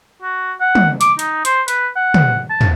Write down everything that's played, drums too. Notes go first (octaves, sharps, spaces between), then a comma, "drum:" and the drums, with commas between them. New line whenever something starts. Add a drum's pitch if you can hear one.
F#4
F#5
drum: tom
D6, drum: hi-hat
D#4, drum: hi-hat
C5, drum: hi-hat
B4, drum: hi-hat
F#5
drum: tom
A5
drum: tom